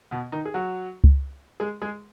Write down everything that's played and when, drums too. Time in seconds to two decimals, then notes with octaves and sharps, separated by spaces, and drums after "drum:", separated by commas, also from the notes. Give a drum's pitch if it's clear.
0.11 B2 B3
0.32 D#3 D#4
0.45 G#4
0.54 F#3 F#4
1.04 drum: kick C#2
1.60 G#3 G#4
1.82 G#3 G#4